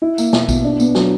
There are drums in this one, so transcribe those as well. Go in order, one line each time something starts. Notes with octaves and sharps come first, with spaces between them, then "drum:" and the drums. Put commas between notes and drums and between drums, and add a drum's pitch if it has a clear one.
E4
A#3, drum: tambourine
B2, drum: snare
B2, drum: kick A#1, tambourine
D4
B3, drum: tambourine
F#3, drum: snare